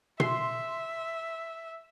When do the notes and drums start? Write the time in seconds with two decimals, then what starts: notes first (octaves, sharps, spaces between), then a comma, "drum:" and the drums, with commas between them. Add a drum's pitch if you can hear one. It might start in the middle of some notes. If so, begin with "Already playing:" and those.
0.20 E5 C6, drum: tom B2